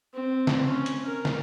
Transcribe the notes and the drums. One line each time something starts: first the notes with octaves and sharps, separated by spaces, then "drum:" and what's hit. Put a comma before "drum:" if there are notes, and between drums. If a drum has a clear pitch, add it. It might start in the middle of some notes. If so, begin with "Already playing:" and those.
C4
drum: snare
C#4
drum: hi-hat
A#4
drum: snare